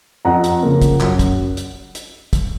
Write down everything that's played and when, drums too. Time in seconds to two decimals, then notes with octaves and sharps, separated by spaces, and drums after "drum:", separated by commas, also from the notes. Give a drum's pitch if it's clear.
0.25 F2 F#5 A#5
0.44 drum: hi-hat
0.63 C#3 F3 A#3
0.82 drum: kick, hi-hat
1.00 F#2, drum: clap
1.19 drum: kick, hi-hat
1.57 drum: hi-hat
1.95 drum: hi-hat
2.33 drum: kick, hi-hat